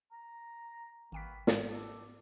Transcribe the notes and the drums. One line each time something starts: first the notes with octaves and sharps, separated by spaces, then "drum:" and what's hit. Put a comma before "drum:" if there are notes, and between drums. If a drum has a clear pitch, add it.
A#5
G#1 B2 A#3 B3 G5 B6
G#2 F5 G5, drum: snare
D4 A4